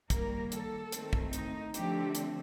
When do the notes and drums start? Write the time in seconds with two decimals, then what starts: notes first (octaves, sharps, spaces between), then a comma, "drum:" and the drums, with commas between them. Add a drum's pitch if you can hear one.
0.10 D#3 G3 A#3 A#4, drum: kick, hi-hat
0.52 A4, drum: hi-hat
0.92 D#3 A3 C4, drum: hi-hat
1.13 drum: kick
1.33 D#4, drum: hi-hat
1.74 D3 F3 A3 C4 G4, drum: hi-hat
2.15 drum: hi-hat